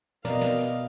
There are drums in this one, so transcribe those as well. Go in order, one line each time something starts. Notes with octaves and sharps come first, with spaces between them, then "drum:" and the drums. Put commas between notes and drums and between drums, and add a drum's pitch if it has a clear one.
B2 A#4 B4 D5 D#5 F5, drum: snare
drum: snare
drum: hi-hat